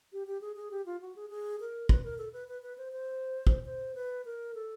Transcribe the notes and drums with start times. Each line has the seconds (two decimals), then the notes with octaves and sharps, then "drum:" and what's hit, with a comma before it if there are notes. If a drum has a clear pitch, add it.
0.13 G4
0.27 G4
0.41 G#4
0.56 G#4
0.71 G4
0.86 F4
1.01 F#4
1.16 G#4
1.30 G#4
1.60 A#4
1.89 B4, drum: kick
2.04 A#4
2.18 A4
2.33 B4
2.48 B4
2.63 B4
2.78 C5
2.92 C5
3.47 drum: kick
3.66 C5
3.95 B4
4.25 A#4
4.55 A4